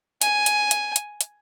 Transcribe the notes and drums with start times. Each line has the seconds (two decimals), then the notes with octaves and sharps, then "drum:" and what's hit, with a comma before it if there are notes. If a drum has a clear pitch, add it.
0.22 G#5, drum: hi-hat
0.46 drum: hi-hat
0.71 drum: hi-hat
0.96 drum: hi-hat
1.21 drum: hi-hat